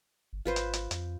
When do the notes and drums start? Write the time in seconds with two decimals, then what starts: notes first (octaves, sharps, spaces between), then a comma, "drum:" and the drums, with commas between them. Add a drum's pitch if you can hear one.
0.33 G1
0.45 G#1 F4 B4 C5
0.56 drum: hi-hat
0.73 drum: hi-hat
0.91 F2, drum: hi-hat